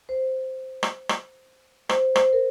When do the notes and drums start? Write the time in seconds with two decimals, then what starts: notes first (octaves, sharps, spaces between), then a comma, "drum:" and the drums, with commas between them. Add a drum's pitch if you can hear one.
0.09 C5
0.83 drum: rim click
1.09 drum: rim click
1.89 C5, drum: rim click
2.16 C5, drum: rim click
2.33 A#4